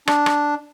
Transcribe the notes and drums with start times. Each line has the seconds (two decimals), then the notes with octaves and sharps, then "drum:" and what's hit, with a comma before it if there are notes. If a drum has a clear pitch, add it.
0.07 D4, drum: rim click
0.26 drum: rim click